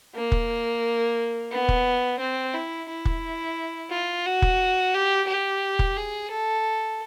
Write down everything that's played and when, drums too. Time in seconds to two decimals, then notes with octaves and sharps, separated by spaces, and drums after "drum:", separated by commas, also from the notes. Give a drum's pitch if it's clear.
0.15 A#3
0.32 drum: kick
1.52 B3
1.69 drum: kick
2.19 C4
2.54 E4
2.89 E4
3.05 drum: kick
3.90 F4
4.26 F#4
4.42 drum: kick
4.94 G4
5.27 G4
5.79 drum: kick
5.97 G#4
6.31 A4